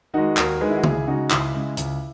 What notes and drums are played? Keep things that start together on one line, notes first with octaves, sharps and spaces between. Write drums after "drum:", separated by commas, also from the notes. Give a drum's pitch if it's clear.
D#3 G#3 D#4 F#4
D#2 F#4 A#4, drum: clap
D#3 G#3 G#4 B4
E4
F#4
C#2 E4 G#4, drum: tom
C#3 G#3 D#4 F#4
C#2 E4, drum: clap
C#3 G#3
C#2, drum: hi-hat